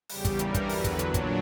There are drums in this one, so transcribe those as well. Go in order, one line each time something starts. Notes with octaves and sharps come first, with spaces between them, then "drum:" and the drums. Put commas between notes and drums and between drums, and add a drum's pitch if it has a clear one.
E2 C#3 G3 G4, drum: open hi-hat
drum: kick, hi-hat
G2 E3 G3 A#4, drum: hi-hat
drum: kick, hi-hat
E2 D3 F#3 B4, drum: open hi-hat
drum: kick, hi-hat
A#2 F#3 D4, drum: hi-hat
drum: kick, hi-hat